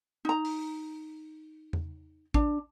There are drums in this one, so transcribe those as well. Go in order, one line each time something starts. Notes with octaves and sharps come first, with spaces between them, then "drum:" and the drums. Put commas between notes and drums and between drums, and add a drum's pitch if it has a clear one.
D#4 A#5
drum: open hi-hat
drum: tom E2
D4, drum: kick A1